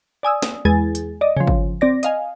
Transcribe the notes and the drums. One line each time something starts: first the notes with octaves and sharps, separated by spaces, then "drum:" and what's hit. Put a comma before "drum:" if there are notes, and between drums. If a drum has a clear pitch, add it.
D5 G#5 D#6 E6
drum: snare
E2 G#3 G#4 G#5 A6
drum: hi-hat
D5 D#5
C#3 F3
drum: kick
C4 D5 A#6
D#5 F5 G#5, drum: hi-hat